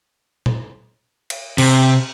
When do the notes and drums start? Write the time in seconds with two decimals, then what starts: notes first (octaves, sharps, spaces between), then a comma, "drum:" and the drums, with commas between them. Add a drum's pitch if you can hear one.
0.46 drum: tom A#2
1.30 drum: cymbal
1.58 C3, drum: cymbal